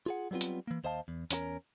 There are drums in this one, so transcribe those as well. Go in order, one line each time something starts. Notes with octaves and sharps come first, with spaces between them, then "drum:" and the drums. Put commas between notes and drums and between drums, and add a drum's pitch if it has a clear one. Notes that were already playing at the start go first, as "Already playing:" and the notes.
F4 G#4 F#5
F#3 G3 B3 C4 F4
drum: hi-hat
E3 A#3
D#2 C5 D#5 F5 A5
E2
E2 C#4 F4 A#4, drum: hi-hat